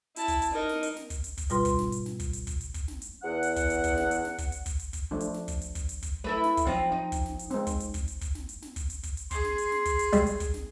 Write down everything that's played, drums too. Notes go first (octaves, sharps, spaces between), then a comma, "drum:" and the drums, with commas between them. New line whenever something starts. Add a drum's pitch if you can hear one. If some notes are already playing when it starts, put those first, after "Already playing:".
E4 A5, drum: hi-hat
drum: kick, hi-hat
drum: hi-hat
D#4 A#4
drum: snare
drum: hi-hat
drum: snare
drum: kick, hi-hat
drum: hi-hat
drum: kick, hi-hat
G#2 B2 G3 F4 B4 C6, drum: hi-hat
drum: kick, hi-hat
drum: snare
drum: hi-hat
drum: snare
drum: kick, hi-hat
drum: hi-hat
drum: kick, hi-hat
drum: hi-hat
drum: kick, hi-hat
drum: snare
drum: hi-hat
E2 F#5
drum: hi-hat
drum: kick, hi-hat
drum: hi-hat
drum: kick, hi-hat
drum: snare
drum: hi-hat
drum: snare
drum: kick, hi-hat
drum: hi-hat
drum: kick, hi-hat
drum: hi-hat
drum: kick, hi-hat
F3 A3 D4
drum: hi-hat
drum: snare
drum: kick, hi-hat
drum: hi-hat
drum: kick, hi-hat
drum: hi-hat
drum: kick, hi-hat
A3 E4 A4 B4
drum: snare
drum: kick, hi-hat
F3 C4 D#4
D#4
drum: kick, hi-hat
drum: snare
drum: hi-hat
G#3 C4, drum: snare
drum: kick, hi-hat
drum: hi-hat
drum: kick, hi-hat
drum: hi-hat
drum: kick, hi-hat
drum: snare
drum: hi-hat
drum: snare
drum: kick, hi-hat
drum: hi-hat
drum: kick, hi-hat
drum: hi-hat
G#4 C6, drum: kick, hi-hat
drum: snare
drum: hi-hat
drum: snare
drum: kick, hi-hat
drum: hi-hat
G3, drum: kick, hi-hat
drum: hi-hat
drum: kick, hi-hat
drum: snare